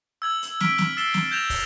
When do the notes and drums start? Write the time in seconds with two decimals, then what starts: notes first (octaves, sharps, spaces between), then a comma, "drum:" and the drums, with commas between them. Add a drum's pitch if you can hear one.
0.22 E6 G#6 F#7
0.43 drum: hi-hat
0.60 F6 B6 D7, drum: snare
0.78 drum: snare
0.97 E6 A6 B6 C7 E7 G7
1.14 drum: snare
1.31 G6 G#6 A#6 E7 F7
1.50 drum: kick, open hi-hat